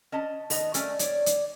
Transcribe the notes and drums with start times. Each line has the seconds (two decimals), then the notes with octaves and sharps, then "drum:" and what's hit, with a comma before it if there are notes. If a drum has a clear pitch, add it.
0.12 C#4 D#5 A5
0.50 D#3 B3 D#5, drum: open hi-hat
0.74 A3 C#4 A#4 D5 G#5, drum: hi-hat
0.99 C#5 D5, drum: hi-hat
1.26 drum: hi-hat